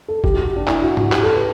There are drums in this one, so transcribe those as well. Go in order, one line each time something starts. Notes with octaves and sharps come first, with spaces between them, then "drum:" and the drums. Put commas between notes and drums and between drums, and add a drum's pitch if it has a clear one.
A4
G4, drum: kick G1
F#4
D4
E4, drum: clap
F#4
F#4, drum: tom G#2
G4, drum: clap
A4
B4